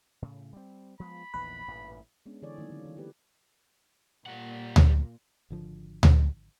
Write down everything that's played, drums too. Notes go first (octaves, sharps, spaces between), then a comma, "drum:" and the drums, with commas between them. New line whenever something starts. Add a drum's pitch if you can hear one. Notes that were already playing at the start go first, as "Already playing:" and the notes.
A2 C#3
G3 C4
F3 G#3 B3 B5
A#1 E2 D#3 B4
A1 G2 A#2
G#3 B3 C#4 D4
D3 E3 G#4 A4 C#5 D5
D#3 F#3 A#3
D3 C#4
E3
A#3 G4 B4
A#2 G3 F#5
drum: tom D2
G#1 D3 F3
drum: tom D2